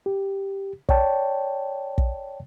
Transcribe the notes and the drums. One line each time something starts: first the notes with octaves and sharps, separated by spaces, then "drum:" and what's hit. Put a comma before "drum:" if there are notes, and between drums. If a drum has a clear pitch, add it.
G4
C#5 D5 G5 A5, drum: kick
drum: kick